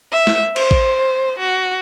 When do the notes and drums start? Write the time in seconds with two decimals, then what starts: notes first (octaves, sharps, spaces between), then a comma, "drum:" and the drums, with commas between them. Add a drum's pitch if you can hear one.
0.13 E5
0.27 drum: snare
0.56 C5, drum: cymbal
0.71 drum: kick A1
1.39 F#4